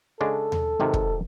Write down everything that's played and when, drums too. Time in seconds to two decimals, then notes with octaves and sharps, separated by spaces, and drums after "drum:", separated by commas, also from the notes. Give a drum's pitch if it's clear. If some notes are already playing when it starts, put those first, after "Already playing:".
0.21 C#3 G#3 D4 A4
0.52 drum: tom D#2
0.80 G#1 C3 D#3
0.94 drum: kick